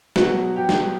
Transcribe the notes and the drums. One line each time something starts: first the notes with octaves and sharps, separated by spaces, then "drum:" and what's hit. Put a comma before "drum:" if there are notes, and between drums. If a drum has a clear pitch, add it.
B2 F#3 F#4, drum: snare
G4
drum: snare